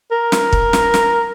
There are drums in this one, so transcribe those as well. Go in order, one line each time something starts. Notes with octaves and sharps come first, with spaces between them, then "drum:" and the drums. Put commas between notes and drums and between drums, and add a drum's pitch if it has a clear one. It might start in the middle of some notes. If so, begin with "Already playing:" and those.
A#4
drum: snare
drum: kick
drum: snare
drum: snare